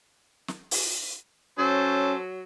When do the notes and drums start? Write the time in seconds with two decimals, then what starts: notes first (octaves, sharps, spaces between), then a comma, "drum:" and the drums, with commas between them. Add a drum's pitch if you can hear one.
0.48 drum: snare
0.71 drum: open hi-hat
1.59 F#3 C#4 A4 C5